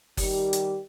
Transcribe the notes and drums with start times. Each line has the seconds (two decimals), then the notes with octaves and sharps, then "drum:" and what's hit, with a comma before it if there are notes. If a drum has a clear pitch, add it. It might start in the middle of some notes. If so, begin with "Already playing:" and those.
0.17 D#3 G3 G4, drum: kick F#1, open hi-hat
0.53 drum: hi-hat